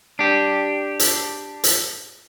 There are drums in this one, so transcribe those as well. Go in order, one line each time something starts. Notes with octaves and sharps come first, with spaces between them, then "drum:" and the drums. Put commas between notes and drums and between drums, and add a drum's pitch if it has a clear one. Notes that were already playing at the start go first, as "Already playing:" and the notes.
D4 G4
drum: hi-hat
drum: hi-hat